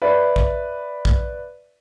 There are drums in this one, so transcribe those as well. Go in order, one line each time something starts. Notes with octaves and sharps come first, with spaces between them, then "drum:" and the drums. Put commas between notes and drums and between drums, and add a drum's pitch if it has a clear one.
B4 D5 E5
drum: kick A#1
drum: kick A#1